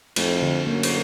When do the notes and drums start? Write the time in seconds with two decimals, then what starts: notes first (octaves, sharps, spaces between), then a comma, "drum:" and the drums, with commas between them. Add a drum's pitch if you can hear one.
0.16 F2 A3, drum: cymbal
0.42 D3
0.67 F#2 A#3
0.83 drum: cymbal